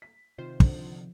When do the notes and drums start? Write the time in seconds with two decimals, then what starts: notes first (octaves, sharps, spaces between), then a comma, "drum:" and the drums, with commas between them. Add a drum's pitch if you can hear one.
0.02 B6
0.38 C3 D#3 F4 C5
0.60 D3 F3, drum: kick